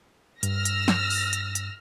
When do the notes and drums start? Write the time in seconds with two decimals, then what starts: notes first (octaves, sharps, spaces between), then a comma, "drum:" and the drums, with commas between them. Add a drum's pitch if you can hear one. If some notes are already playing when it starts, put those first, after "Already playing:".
0.43 G2 E6 F6 A#6, drum: hi-hat
0.65 drum: hi-hat
0.88 drum: snare
1.10 drum: open hi-hat
1.33 drum: hi-hat
1.55 drum: hi-hat